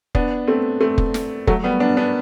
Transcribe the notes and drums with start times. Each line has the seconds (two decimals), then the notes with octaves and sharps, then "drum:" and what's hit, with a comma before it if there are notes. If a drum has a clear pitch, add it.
0.15 B3 D4, drum: kick
0.48 A3 C4
0.81 A3 C4
0.98 drum: kick
1.14 drum: snare
1.47 F#3 A3, drum: kick
1.64 G3 B3
1.80 B3 D4
1.97 B3 D4